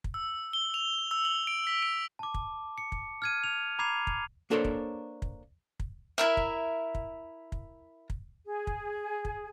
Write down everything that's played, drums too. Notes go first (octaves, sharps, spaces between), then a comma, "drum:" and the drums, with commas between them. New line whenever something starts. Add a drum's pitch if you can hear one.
drum: kick
E6
G7
F7
E6
F#7
D7
B6
D7
A5 D6
drum: kick
C#7
drum: kick
F6 G#6 D#7
F7
A#5 B5 D6 G#6 C7 F7
drum: kick
A#3 D4 A4 A#4 C5 C#5
drum: kick
drum: kick
drum: kick
E4 A#4 E5
drum: kick
drum: kick
drum: kick
drum: kick
G#4
drum: kick
drum: kick